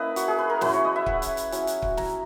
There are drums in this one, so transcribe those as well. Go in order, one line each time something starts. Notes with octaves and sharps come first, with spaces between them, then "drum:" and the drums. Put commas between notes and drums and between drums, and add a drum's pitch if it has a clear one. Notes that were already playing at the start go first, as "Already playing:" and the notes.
Already playing: A#3 C#4 E4 B4 D#5
F#4, drum: hi-hat
G#4
B4
A#4
F#3 C#4 E4 B4, drum: snare
C#5
D#5
E5
F#5, drum: kick
drum: hi-hat
drum: hi-hat
F#3 C#4 E4, drum: hi-hat
drum: hi-hat
drum: kick
A#5, drum: snare